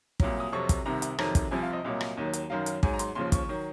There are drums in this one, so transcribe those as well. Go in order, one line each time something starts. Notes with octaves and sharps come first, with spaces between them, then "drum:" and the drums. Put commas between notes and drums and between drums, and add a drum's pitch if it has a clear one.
C2 A#2 F#3, drum: kick
D#6
F2 C3 F#3 C#6
drum: kick, hi-hat
C2 C3 D#3 A#5
drum: hi-hat
F2 C3 D#3 F#3 A#5, drum: rim click
drum: kick, hi-hat
C2 C3 F3 G#5
F5
D#5
C2 A#2 F#3
drum: rim click
D#2 D#3 F#3
drum: hi-hat
F#2 D#3 F#3 F5
drum: hi-hat
G#2 F#3 G#5, drum: kick
A#5
C6, drum: hi-hat
D#2 C#3 F3 C6
C#6, drum: kick, hi-hat
D#3 F#3